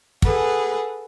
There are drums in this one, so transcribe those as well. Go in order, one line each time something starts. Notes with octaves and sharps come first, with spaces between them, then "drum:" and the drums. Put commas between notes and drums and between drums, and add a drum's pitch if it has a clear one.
G#4 A4 B4 F#5, drum: kick